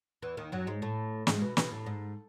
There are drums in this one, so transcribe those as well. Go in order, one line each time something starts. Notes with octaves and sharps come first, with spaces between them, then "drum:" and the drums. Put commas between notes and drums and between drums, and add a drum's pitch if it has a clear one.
E2 E3
D#2 D#3
F#2 F#3
G#2 G#3
A2 A3
G#2 G#3, drum: snare
B2
B2, drum: snare
A2
G#2